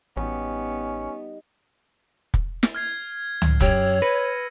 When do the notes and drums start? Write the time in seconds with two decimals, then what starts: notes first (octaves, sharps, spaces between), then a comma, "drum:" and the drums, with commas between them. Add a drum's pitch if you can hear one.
0.17 A1 G3 B3 C#4 D#4
2.34 drum: kick
2.63 drum: snare
2.75 F6 G#6 C7
3.42 drum: tom C#2
3.61 F#2 G4 C#5 E6 G#6, drum: kick
4.02 B4 A#6 C#7 D#7